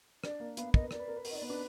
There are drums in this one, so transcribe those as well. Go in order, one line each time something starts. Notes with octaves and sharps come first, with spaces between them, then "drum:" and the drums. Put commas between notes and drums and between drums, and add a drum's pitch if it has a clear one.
D4 D5, drum: rim click
A#3
B3 F5, drum: hi-hat
A#4 D#5, drum: kick
B4
A#4 D5, drum: rim click
B4
A#4
B4
A#4, drum: open hi-hat
D#4 D#5
D5
B3
D4 B4